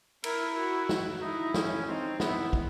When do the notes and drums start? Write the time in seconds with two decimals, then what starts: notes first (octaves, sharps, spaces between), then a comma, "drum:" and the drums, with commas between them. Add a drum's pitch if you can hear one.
0.24 E4 A#4, drum: cymbal
0.56 F#4
0.89 drum: snare
1.21 D#4 E4
1.54 C#4, drum: snare
1.88 C4 D#4
2.20 B3 E4, drum: snare
2.53 drum: kick